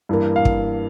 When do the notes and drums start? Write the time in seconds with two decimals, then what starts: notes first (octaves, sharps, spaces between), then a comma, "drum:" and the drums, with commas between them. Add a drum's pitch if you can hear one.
0.09 G2 E3 A#3
0.36 F5
0.45 drum: kick